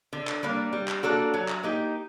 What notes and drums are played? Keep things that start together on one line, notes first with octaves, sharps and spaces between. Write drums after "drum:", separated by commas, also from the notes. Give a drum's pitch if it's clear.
D3
drum: clap
G3 A#3 D4
G3
drum: clap
A#3 D4 F#4 A4
F#3
drum: clap
A#3 D#4 G4